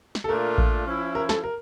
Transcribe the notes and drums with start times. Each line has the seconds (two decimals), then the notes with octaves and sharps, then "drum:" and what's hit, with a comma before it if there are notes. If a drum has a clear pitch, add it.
0.15 drum: snare
0.24 A4
0.29 A#2 A3 D4 F4 A#4
0.58 drum: kick A1
0.86 F3 C#4 E4
1.15 A#4
1.29 A4, drum: snare
1.44 A#4